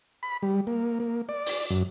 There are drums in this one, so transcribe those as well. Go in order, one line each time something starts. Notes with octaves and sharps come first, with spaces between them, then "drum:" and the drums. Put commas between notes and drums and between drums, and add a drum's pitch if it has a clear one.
B5
G3
A#3
A#3
D5
drum: open hi-hat
F#2